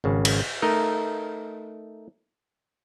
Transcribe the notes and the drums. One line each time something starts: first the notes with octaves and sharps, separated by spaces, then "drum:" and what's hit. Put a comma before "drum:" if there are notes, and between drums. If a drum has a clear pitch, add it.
G#1 C#3
drum: cymbal
A3 D#4 A#4 D#5